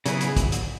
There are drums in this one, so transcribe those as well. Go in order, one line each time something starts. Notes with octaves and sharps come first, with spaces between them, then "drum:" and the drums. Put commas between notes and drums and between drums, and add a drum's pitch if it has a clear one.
C#3 F#3 B3 E4 G#4, drum: hi-hat
drum: hi-hat
drum: kick, hi-hat
drum: hi-hat